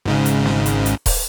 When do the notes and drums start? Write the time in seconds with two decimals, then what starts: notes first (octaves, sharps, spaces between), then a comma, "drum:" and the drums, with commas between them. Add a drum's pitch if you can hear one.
0.05 G#1 G#2 C#3
0.26 drum: hi-hat
0.46 drum: snare
0.66 drum: hi-hat
0.86 drum: hi-hat
1.06 drum: kick D#1, open hi-hat